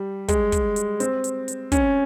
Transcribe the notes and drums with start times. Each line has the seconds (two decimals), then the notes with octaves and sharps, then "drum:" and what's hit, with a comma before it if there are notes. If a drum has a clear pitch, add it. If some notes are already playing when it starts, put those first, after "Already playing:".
Already playing: G3
0.28 G#3, drum: kick, hi-hat
0.52 drum: kick, hi-hat
0.76 drum: hi-hat
1.00 C4, drum: hi-hat
1.24 drum: hi-hat
1.48 drum: hi-hat
1.72 C#4, drum: kick, hi-hat